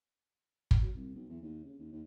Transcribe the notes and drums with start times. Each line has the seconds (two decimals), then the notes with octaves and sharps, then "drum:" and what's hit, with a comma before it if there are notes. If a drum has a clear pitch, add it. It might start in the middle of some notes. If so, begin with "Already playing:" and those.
0.71 drum: kick
0.82 F#3
0.95 C2
1.15 B1
1.29 E2
1.42 D#2
1.65 C#3
1.79 D#2
1.92 D#2